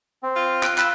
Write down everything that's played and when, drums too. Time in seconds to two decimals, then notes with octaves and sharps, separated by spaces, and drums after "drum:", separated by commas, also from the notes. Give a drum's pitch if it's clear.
0.23 C4
0.36 F4
0.63 F#6 D7, drum: clap
0.78 B5 E6 F#6, drum: clap